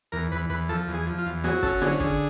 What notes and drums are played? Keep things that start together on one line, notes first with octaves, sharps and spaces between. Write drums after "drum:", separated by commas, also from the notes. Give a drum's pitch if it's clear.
E2 A#4
E2 B4
E2 B4
F3 A4
E2
G#4
F3
F4
E2
F#3 G#4, drum: snare
C#4 A4, drum: kick
D3 G#4, drum: snare
D3 G#4, drum: kick